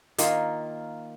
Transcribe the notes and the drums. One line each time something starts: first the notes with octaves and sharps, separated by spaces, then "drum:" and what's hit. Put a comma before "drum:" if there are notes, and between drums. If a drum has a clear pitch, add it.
D#3 A#3 F4, drum: hi-hat